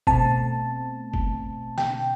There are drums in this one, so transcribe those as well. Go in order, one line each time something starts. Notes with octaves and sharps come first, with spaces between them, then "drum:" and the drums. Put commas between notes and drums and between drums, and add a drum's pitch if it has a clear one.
B2 A3 C4 A5, drum: kick F#1
drum: kick F#1
G5, drum: snare